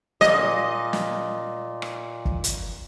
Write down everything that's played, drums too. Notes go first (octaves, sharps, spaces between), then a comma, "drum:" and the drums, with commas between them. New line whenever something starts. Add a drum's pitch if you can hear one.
A#2 D#5, drum: snare
drum: snare
drum: rim click
drum: kick
drum: hi-hat